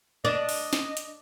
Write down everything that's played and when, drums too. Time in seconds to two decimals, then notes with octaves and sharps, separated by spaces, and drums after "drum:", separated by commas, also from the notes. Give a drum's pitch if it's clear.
0.25 D4 D#5
0.49 drum: open hi-hat
0.73 drum: snare
0.97 drum: hi-hat